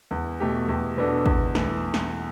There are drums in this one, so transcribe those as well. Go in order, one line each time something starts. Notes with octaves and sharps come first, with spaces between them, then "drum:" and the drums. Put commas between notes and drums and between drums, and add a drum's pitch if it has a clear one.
E2
B2 A3 G4
E2
B2 B3 D4 A4
E2, drum: kick
E3 A3, drum: snare
drum: snare